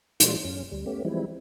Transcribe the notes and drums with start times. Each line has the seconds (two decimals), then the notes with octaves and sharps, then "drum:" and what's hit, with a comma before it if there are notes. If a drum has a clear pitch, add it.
0.20 A#2 E3 G3 G#3 D4 F4, drum: hi-hat
0.44 F#2 C#4
0.72 D2 G3
0.86 A3 B3 C#4 G4
1.05 E3 F3 G3 G#3 C4 E4